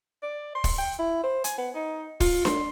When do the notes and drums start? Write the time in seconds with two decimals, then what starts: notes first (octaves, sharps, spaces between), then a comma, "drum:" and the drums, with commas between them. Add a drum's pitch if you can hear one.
0.23 D5
0.55 C6
0.64 drum: kick, open hi-hat
0.78 G5
0.99 E4
1.23 C5
1.44 G#5, drum: hi-hat
1.58 B3
1.75 D#4
2.20 F4, drum: kick, open hi-hat
2.45 C6, drum: snare D4